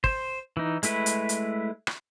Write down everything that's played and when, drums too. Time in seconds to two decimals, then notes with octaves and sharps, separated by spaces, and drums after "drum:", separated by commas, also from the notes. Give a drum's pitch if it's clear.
0.04 C5, drum: kick
0.57 E3 D#4
0.83 G#3 A3 E4 B4, drum: hi-hat
1.06 drum: hi-hat
1.29 drum: hi-hat
1.87 drum: rim click